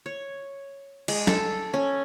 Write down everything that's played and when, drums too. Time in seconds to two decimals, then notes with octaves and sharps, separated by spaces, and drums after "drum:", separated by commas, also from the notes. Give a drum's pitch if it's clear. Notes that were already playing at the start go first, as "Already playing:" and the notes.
0.06 C#5
1.08 G#3, drum: cymbal
1.27 A4, drum: snare
1.74 C#4